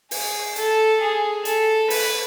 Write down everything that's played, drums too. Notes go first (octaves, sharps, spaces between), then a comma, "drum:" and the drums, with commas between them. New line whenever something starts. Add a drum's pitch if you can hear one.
G#4, drum: open hi-hat
A4, drum: hi-hat
G#4
A4, drum: hi-hat
B4, drum: open hi-hat